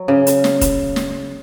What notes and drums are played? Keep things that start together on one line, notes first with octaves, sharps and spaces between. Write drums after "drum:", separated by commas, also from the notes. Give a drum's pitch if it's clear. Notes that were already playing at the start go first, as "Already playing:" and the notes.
Already playing: F#3
C#3
drum: hi-hat
drum: snare
drum: kick, hi-hat
drum: snare